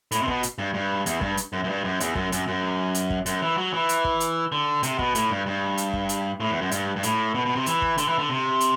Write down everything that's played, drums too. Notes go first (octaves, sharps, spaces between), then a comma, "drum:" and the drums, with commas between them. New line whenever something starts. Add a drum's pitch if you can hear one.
A2, drum: hi-hat
C3
B2, drum: kick
drum: hi-hat
G2
G2
E2, drum: hi-hat
G2, drum: kick
drum: hi-hat
F#2
F#2
G2
F#2
E2, drum: hi-hat
F#2, drum: kick
F#2, drum: hi-hat
F#2
drum: hi-hat
drum: kick
F#2, drum: hi-hat
E3
F#3
E3
drum: hi-hat
drum: kick
drum: hi-hat
D3
C3, drum: hi-hat
B2, drum: kick
A2, drum: hi-hat
G2
G2
drum: hi-hat
drum: kick
drum: hi-hat
A2
E2
F#2
G2, drum: hi-hat
G2
A2, drum: hi-hat
B2
B2
C3
E3, drum: hi-hat
drum: kick
D3, drum: hi-hat
E3
D3
C3
drum: hi-hat